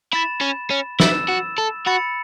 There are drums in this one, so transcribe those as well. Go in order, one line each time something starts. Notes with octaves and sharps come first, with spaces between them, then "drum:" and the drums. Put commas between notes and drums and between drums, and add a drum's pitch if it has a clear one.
E4 B5 A6 E7
C#4
C#4
E4 E6 A6 E7, drum: snare
F#4
A4
F#4 B5 A6 C#7